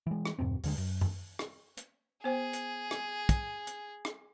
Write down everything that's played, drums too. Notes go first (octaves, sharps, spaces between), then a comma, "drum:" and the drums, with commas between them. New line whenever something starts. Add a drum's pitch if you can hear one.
E3 G#3
drum: rim click
E2 G2 B2 C4
D#2 D3 G#3, drum: open hi-hat
F#2
drum: tom F#2
drum: rim click
drum: hi-hat
B3 G#4 C5 G5
drum: hi-hat
drum: rim click
drum: kick, hi-hat
drum: hi-hat
drum: rim click